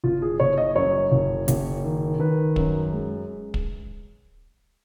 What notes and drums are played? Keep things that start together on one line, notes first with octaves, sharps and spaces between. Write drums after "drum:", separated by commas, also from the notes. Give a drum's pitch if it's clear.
F#1 F4
G#4
F#1 C#5
D#5
F#2 C#5
F#1
F#1, drum: hi-hat
D#3
D#3 B4
F#2, drum: kick
G#3
drum: kick